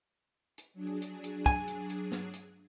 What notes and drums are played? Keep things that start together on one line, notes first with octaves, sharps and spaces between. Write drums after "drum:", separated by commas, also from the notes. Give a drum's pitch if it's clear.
drum: hi-hat
F#3 D4 G#4
drum: hi-hat
drum: hi-hat
G#5, drum: kick, hi-hat
drum: hi-hat
drum: hi-hat
drum: snare
drum: hi-hat